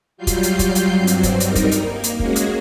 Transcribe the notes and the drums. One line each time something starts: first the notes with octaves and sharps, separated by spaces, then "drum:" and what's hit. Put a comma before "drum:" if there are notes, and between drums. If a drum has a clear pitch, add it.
F#3 G3 F4 G6 C7
drum: kick, hi-hat
drum: hi-hat
drum: kick, hi-hat
drum: hi-hat
G2 F#3 C4
drum: hi-hat
drum: kick, hi-hat
G3 D#4 A#4, drum: hi-hat
drum: kick, hi-hat
drum: hi-hat
A#3
drum: hi-hat
G#3 A#3 C#4 F#4 G#4, drum: kick
drum: hi-hat